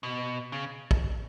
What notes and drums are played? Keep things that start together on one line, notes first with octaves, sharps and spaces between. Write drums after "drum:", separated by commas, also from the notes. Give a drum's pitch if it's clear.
B2
C#3
drum: kick